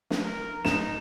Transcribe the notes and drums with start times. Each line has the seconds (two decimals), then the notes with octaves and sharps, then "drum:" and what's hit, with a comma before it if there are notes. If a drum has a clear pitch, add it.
0.10 drum: snare
0.24 A#4
0.65 D#4 E7, drum: snare